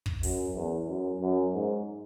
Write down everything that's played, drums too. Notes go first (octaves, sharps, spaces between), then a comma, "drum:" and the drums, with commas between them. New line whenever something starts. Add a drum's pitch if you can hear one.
drum: kick
F#2, drum: open hi-hat
E2
F#2
F#2
G#2